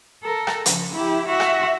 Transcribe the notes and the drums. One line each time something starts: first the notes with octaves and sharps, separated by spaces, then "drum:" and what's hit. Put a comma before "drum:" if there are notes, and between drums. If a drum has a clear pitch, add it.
A4 A#4
drum: rim click
C#3 F3, drum: hi-hat
E4 G4
F#4 E5
drum: rim click